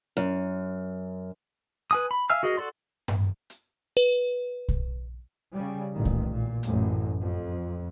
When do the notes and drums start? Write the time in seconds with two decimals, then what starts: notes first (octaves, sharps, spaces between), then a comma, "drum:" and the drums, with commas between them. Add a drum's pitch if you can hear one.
0.17 F#2
1.91 B4 G#5 D#6
2.11 B5
2.30 E5 F5 G#5 E6 F6
2.43 F#4 G#4 A#4 D#5
2.57 F#4 A4 D5 C6
3.08 drum: tom G2
3.50 drum: hi-hat
3.97 B4
4.68 drum: kick B1
5.53 C#3 G3
5.93 A1 A#2 D#3
6.05 drum: kick B1
6.29 A#2
6.63 A1 F#2 A2, drum: hi-hat
7.21 F2